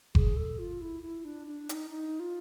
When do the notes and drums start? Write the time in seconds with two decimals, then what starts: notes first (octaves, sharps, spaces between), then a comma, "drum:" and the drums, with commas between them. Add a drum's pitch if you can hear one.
0.15 G#4, drum: kick F#1
0.36 A4
0.59 F4
0.81 E4
1.02 E4
1.25 D4
1.47 D4
1.69 D#4, drum: hi-hat
1.90 D#4
2.20 F4